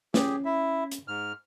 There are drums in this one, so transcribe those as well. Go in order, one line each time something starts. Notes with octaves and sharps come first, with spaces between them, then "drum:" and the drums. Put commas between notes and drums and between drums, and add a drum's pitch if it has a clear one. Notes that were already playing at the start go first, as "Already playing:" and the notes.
C#4 G4 G#4, drum: snare
E4 E5
drum: hi-hat
G#2 F6